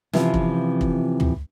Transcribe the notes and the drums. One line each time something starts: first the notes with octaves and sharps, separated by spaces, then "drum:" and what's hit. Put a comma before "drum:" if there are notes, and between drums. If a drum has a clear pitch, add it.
C3 E3 F3 C4 C#4 F4, drum: snare
drum: kick
drum: kick
drum: tom